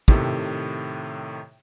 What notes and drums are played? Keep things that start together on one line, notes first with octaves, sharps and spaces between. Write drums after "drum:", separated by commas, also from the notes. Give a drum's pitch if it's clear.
A2 C3 D#3 G4 A4, drum: kick